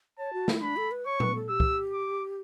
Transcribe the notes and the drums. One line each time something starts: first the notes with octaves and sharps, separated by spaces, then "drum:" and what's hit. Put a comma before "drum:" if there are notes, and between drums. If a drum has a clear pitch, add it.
C#5 A5
F#4
E4, drum: snare
D4 B5
A4
B4
C#5 C#6
B4, drum: tom A#2
A4
G4 E6
drum: kick
D6